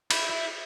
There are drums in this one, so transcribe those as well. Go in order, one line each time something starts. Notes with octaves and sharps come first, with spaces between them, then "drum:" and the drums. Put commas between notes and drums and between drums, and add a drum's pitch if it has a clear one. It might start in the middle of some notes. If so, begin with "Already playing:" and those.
E4, drum: cymbal
E4